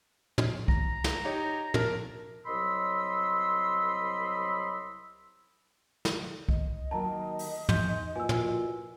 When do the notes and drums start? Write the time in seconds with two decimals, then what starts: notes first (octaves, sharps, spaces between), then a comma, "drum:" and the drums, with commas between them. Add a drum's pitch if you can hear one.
0.38 drum: tom
0.68 A#5, drum: kick C2
1.04 drum: snare
1.25 D#4 G4 C#5
1.74 D4 A#4, drum: tom
2.46 C2 F#3 D#5 B5 C6 E6
6.05 drum: snare
6.49 D#5, drum: kick C2
6.91 D#3 F#3 A#3 A5 A#5
7.39 drum: open hi-hat
7.69 E2 D#4 C6 G6, drum: tom
8.16 A#2 E4 F#4 B4 G#5 E6
8.29 drum: tom